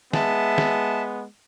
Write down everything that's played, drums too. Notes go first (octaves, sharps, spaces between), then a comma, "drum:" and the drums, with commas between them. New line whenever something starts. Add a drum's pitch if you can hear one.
G#3 B3 E5 A5, drum: snare
drum: snare